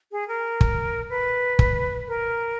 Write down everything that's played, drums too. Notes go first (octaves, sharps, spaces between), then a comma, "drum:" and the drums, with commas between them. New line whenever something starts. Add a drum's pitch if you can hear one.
G#4
A#4
drum: kick
B4
drum: kick
A#4